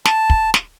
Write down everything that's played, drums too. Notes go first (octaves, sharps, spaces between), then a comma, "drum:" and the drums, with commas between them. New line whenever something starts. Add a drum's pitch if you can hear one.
A5, drum: snare
drum: kick
drum: snare